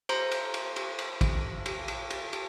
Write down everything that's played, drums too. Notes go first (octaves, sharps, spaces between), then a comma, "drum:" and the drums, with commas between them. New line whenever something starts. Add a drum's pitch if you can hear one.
C5 A#5 C6, drum: cymbal
drum: cymbal
drum: cymbal
drum: cymbal
drum: cymbal
drum: kick, cymbal
drum: cymbal
drum: cymbal
drum: cymbal
drum: cymbal